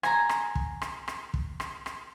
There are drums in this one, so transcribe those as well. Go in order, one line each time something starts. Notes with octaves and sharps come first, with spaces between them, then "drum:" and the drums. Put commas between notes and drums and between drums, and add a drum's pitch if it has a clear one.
G#5 A#5, drum: rim click
drum: rim click
drum: kick
drum: rim click
drum: rim click
drum: kick
drum: rim click
drum: rim click